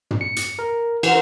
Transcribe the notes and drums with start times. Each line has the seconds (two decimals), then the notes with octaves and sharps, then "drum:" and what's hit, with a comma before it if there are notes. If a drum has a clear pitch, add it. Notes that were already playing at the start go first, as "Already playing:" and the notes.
0.11 drum: tom
0.21 C#7
0.36 drum: hi-hat
0.59 A#4
1.03 E3 A#4 C5 F#5, drum: cymbal